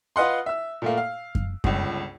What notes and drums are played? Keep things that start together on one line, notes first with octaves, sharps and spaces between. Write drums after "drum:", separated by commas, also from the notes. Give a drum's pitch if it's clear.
F4 B4 D#5 F#5 C6
E5 E6
A#2 A3 A#3
F5
drum: kick F#2
G1 C#2, drum: kick F#2